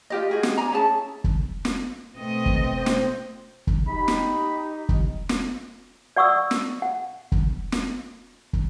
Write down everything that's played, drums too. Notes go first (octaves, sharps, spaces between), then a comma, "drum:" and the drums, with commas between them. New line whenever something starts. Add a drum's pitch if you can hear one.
F4 G4 D#5
F#4 G#4
drum: snare
D4 G#5 A#5
C#4 E4 G#4 A5
drum: kick
drum: snare
B2 A3 C4 D#5 D#6
drum: kick
C5
drum: snare
drum: kick
D#4 G4 B5
drum: snare
drum: kick
drum: snare
D5 F#5 C#6 D#6 E6
drum: snare
F#5
drum: kick
drum: snare
drum: kick